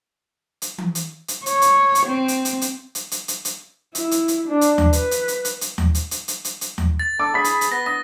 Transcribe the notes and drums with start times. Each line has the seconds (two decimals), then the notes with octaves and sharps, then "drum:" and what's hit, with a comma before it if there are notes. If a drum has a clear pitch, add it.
0.62 drum: hi-hat
0.78 drum: tom E3
0.95 drum: hi-hat
1.28 drum: hi-hat
1.46 C#5, drum: hi-hat
1.62 drum: hi-hat
1.95 drum: hi-hat
2.06 C4
2.28 drum: hi-hat
2.45 drum: hi-hat
2.61 drum: hi-hat
2.95 drum: hi-hat
3.11 drum: hi-hat
3.28 drum: hi-hat
3.45 drum: hi-hat
3.95 E4, drum: hi-hat
4.11 drum: hi-hat
4.28 drum: hi-hat
4.48 D4
4.61 drum: hi-hat
4.78 drum: tom D#2
4.93 B4, drum: hi-hat
5.11 drum: hi-hat
5.28 drum: hi-hat
5.45 drum: hi-hat
5.61 drum: hi-hat
5.78 drum: tom D#2
5.95 drum: hi-hat
6.11 drum: hi-hat
6.28 drum: hi-hat
6.45 drum: hi-hat
6.61 drum: hi-hat
6.78 drum: tom D#2
6.99 A6
7.20 A4 D6
7.34 G#4 B5 B6
7.44 drum: hi-hat
7.61 drum: hi-hat
7.72 B3 A#6
7.86 D#6 A#6